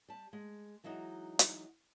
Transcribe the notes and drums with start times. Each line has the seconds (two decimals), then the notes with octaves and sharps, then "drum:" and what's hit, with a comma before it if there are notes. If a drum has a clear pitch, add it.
0.09 G3 A5
0.33 G#3
0.84 E3 F#3 G#3 D#4 F#4
1.39 drum: hi-hat